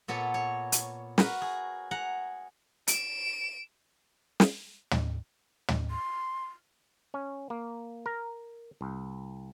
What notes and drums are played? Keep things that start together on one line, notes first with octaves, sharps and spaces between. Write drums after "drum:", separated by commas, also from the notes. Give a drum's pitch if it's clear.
A#2 B3 A4 C#5
C#5
drum: hi-hat
F#4 A#4 B4, drum: snare
G#4
G#4 F#5 A#5
D7 E7, drum: hi-hat
drum: snare
drum: tom
drum: tom
C6
C#4
A#3
A#4
C2